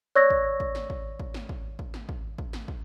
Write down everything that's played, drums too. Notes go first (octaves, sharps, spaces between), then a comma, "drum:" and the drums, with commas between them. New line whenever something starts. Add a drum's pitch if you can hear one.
C#5 D5 C#6 E6 G#6 A#6, drum: snare
drum: kick
drum: kick
drum: snare
drum: kick
drum: kick
drum: snare
drum: kick
drum: kick
drum: snare
drum: kick
drum: kick
drum: snare
drum: kick